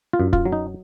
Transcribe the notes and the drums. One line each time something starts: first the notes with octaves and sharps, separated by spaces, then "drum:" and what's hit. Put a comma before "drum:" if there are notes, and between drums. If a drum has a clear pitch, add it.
F4
F#2
F4, drum: kick
F#3
D#4